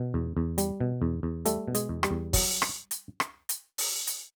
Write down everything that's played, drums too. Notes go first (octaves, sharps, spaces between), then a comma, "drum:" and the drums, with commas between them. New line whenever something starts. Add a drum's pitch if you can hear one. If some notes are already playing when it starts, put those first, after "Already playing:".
Already playing: B2
E2
E2
G3, drum: hi-hat
B2
E2
E2
G3 A3 A4, drum: hi-hat
B2
G#3 G#4, drum: hi-hat
E2
G3 G4, drum: rim click
E2
F#3, drum: kick, open hi-hat
drum: rim click
drum: hi-hat
drum: rim click
drum: hi-hat
drum: open hi-hat
drum: hi-hat